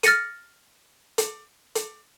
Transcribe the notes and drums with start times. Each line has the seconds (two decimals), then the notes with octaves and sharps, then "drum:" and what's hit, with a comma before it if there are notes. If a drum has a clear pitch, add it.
0.03 F6 A6 A#6 C#7 D#7, drum: hi-hat
1.18 drum: hi-hat
1.75 drum: hi-hat